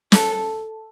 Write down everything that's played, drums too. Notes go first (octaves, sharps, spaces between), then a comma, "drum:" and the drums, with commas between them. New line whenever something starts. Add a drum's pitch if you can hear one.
A4, drum: snare